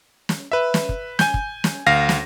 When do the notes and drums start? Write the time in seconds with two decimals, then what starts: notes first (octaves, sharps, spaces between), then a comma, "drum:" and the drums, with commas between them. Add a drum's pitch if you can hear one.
0.29 drum: snare
0.52 B4 E5
0.74 drum: snare
0.89 drum: kick
1.19 G#5 G6, drum: snare
1.34 drum: kick
1.64 drum: snare
1.86 D2 F5 A#6
2.09 drum: snare